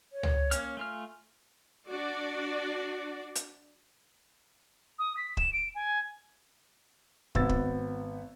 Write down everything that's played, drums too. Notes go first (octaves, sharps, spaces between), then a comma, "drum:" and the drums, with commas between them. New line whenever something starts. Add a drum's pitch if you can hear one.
C#5
drum: tom C#2
A#3 C#4 F6, drum: hi-hat
A3 F4 G#5 F6
D4 F#4 D5
drum: hi-hat
D#6
B6
E7, drum: kick
D7
G#5
G#1 B3 E6 A6, drum: kick
drum: kick